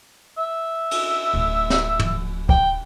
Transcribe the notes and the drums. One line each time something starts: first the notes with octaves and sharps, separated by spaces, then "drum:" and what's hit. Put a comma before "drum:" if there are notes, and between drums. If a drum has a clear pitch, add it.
E5
drum: cymbal
D1
drum: snare
drum: tom
G5, drum: kick